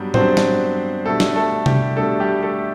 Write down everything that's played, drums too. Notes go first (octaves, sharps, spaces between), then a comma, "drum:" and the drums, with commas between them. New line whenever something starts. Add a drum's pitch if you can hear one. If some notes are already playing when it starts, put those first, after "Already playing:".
Already playing: G2 F#3 G3 B3 D4
G2 F#3 B3 C4 D4 C5, drum: tom A2
drum: snare
B2 G3 A3 D4 A4
drum: snare
A3 A4
G3 G4, drum: tom C3
B2 G3 A3 D4 A4
G3 G4
A3 A4